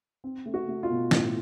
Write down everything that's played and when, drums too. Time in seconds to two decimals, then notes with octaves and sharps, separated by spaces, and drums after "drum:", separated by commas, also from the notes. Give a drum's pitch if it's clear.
0.24 C4
0.46 A3
0.54 F#4
0.68 A3
0.83 F4
0.90 B2
1.11 A2, drum: snare